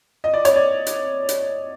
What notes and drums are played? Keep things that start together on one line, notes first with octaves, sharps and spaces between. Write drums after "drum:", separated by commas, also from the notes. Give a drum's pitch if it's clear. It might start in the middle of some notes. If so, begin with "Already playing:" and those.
D#5
D5
C#5, drum: hi-hat
D5
drum: hi-hat
drum: hi-hat